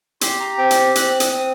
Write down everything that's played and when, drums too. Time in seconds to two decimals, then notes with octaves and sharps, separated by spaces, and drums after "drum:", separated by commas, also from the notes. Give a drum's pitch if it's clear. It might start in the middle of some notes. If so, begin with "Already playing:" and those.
0.21 G4 C6, drum: hi-hat
0.40 A#5
0.58 C4 G5
0.71 drum: hi-hat
0.95 C4 F#6, drum: hi-hat
1.20 D#6, drum: hi-hat
1.32 C4